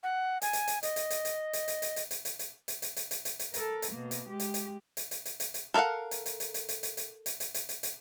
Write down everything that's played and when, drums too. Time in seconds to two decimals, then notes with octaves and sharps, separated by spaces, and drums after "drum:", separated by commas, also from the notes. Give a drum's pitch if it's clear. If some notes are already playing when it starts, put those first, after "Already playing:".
0.03 F#5
0.42 G#5, drum: hi-hat
0.53 drum: hi-hat
0.68 drum: hi-hat
0.83 D#5, drum: hi-hat
0.96 drum: hi-hat
1.10 drum: hi-hat
1.25 drum: hi-hat
1.53 drum: hi-hat
1.68 drum: hi-hat
1.82 drum: hi-hat
1.96 drum: hi-hat
2.11 drum: hi-hat
2.25 drum: hi-hat
2.39 drum: hi-hat
2.68 drum: hi-hat
2.82 drum: hi-hat
2.96 drum: hi-hat
3.11 drum: hi-hat
3.25 drum: hi-hat
3.39 drum: hi-hat
3.54 A4 A#4, drum: hi-hat
3.82 drum: hi-hat
3.92 B2 A#3
4.11 drum: hi-hat
4.29 G#3 G4
4.40 drum: hi-hat
4.54 drum: hi-hat
4.97 drum: hi-hat
5.11 drum: hi-hat
5.25 drum: hi-hat
5.40 drum: hi-hat
5.54 drum: hi-hat
5.74 A4 A#4 D5 F5 F#5
6.11 drum: hi-hat
6.26 drum: hi-hat
6.40 drum: hi-hat
6.54 drum: hi-hat
6.69 drum: hi-hat
6.83 drum: hi-hat
6.97 drum: hi-hat
7.26 drum: hi-hat
7.40 drum: hi-hat
7.54 drum: hi-hat
7.69 drum: hi-hat
7.83 drum: hi-hat